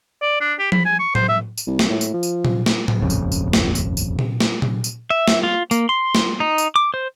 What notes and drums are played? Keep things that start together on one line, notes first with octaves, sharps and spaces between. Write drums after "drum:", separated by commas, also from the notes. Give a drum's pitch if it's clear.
D5
D4
G4
B5, drum: tom F3
G#5
C#6
C5, drum: tom A2
E5
drum: tambourine
C2
drum: snare
A2
drum: tambourine
F3
drum: tambourine
drum: tom A#2
drum: snare
drum: tom A2
D#1 G#1 F2 C#3
drum: tambourine
drum: tambourine
drum: snare
drum: tambourine
drum: tambourine
drum: tom A#2
drum: snare
drum: tom A#2
drum: tambourine
E5
drum: snare
F4
A#3, drum: tambourine
C6
drum: snare
D#4
drum: tambourine
D6
C5